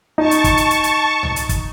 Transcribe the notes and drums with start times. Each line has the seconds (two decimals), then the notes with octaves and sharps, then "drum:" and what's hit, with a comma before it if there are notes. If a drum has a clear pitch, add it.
0.18 D#4 A5 C#6
0.31 drum: hi-hat
0.44 drum: kick, hi-hat
0.57 drum: hi-hat
0.70 drum: hi-hat
0.84 drum: hi-hat
1.23 drum: tom C2
1.36 drum: hi-hat
1.49 drum: kick, hi-hat